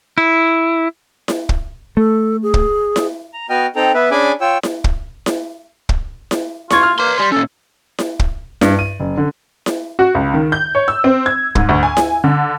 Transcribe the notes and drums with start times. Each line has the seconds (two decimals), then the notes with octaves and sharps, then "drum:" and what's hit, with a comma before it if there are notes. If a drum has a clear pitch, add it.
0.18 E4
1.28 drum: snare E4
1.49 drum: kick
1.97 A3 A4
2.43 G#4
2.54 drum: kick
2.96 drum: snare E4
3.33 A#5
3.50 B3 F#4 D#5 G5 F6
3.76 C4 D#4 A4 G5 A#5
3.94 B3 B4 E5
4.11 C#4 D4 G#4 G#5 B5 D6
4.41 F4 C#5 G5 E6
4.63 drum: snare E4
4.84 drum: kick
5.26 drum: snare E4
5.89 drum: kick
6.31 drum: snare E4
6.70 F4 C#6 G#6, drum: snare E4
6.83 F6
6.99 A#3 B4 C6
7.19 G3 C5
7.32 A#2 C#4 A4
7.99 drum: snare E4
8.19 drum: kick
8.61 G2, drum: snare E4
8.79 D#7
9.00 F#1
9.17 D3
9.66 drum: snare E4
9.99 F#4
10.15 C#2
10.34 D#3
10.52 G6
10.75 C#5
10.88 E6
11.04 C4
11.26 G#6
11.55 G#2, drum: kick
11.69 D2
11.83 G#5
11.97 drum: snare E4
12.24 D3